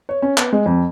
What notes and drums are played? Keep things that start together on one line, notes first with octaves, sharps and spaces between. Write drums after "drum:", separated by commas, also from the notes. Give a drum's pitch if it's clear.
C#5
C#4
B3, drum: clap
G#3
F2